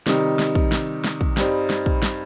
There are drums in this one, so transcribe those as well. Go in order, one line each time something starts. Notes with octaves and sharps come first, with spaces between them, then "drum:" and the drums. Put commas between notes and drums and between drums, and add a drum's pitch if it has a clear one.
C3 D#3 G3 D#4, drum: snare
drum: snare
drum: kick
drum: snare
drum: snare
drum: kick
G2 G3 C4 D#4, drum: snare
drum: snare
drum: kick
drum: snare